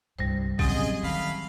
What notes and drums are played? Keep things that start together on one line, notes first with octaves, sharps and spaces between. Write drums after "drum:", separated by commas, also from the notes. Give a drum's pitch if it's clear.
C2 G2 G3 C5
A1 C#3 F#3 C4 G4 G#4 D#5, drum: kick A#1
D#3 A3 F5 B5